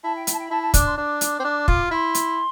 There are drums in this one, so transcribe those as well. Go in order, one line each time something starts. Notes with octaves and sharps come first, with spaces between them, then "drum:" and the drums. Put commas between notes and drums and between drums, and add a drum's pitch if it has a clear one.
E4 A5
G5
G5, drum: hi-hat
A5
G5
B5
E4 A5
A5
D4 D6, drum: kick, hi-hat
C6
D4 D6
drum: hi-hat
C4
D4
F4, drum: kick
E4 C6
drum: hi-hat